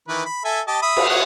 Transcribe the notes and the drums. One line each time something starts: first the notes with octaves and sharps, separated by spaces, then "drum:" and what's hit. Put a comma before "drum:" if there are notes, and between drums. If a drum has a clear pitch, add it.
D#3 E3 B4
B5
A4 E5 G#5
G4 D#5 A5
E5 B5 D#6
drum: cymbal
C#5 F#5 D#6